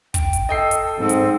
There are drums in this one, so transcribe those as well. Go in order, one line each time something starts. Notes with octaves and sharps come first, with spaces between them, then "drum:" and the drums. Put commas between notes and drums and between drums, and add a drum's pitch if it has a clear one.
G5, drum: kick, hi-hat
drum: hi-hat
A4 D#5 G5 C7
drum: hi-hat
G#2 C4
drum: hi-hat